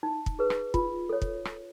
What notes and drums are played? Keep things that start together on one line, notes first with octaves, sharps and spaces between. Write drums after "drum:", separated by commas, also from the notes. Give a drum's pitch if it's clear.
D#4
drum: kick
G#4 B4
drum: rim click
F4, drum: kick
A4 C#5
drum: kick
drum: rim click